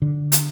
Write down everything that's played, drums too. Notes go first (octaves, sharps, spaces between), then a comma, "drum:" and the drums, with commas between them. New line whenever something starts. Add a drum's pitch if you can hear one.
D3
drum: hi-hat